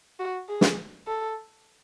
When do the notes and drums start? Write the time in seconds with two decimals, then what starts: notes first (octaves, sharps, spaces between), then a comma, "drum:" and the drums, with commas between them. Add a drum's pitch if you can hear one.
0.19 F#4
0.49 G#4
0.61 drum: snare
1.08 A4